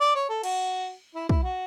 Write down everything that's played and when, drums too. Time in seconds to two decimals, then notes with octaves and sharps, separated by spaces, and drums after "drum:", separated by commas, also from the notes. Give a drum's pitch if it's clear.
0.01 D5
0.15 C#5
0.29 A4
0.43 F#4, drum: cymbal
1.15 E4
1.29 E4, drum: kick
1.43 F#4